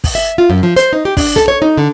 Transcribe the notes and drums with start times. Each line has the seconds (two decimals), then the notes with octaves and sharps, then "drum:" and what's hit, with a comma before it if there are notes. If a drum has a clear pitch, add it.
0.04 drum: kick, open hi-hat
0.15 E5
0.38 F4
0.50 F#2
0.63 F3
0.76 C5, drum: hi-hat
0.93 D#4
1.05 G4
1.17 D4, drum: kick, open hi-hat
1.36 A4, drum: snare
1.48 C#5
1.62 D#4
1.78 D3